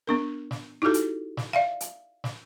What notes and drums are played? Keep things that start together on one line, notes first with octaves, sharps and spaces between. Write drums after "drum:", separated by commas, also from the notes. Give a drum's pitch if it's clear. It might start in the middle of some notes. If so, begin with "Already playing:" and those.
B3 D4 A#4
drum: snare
D#4 E4 F#4 G4 A4
drum: hi-hat
drum: snare
D5 E5 F5
drum: hi-hat
drum: snare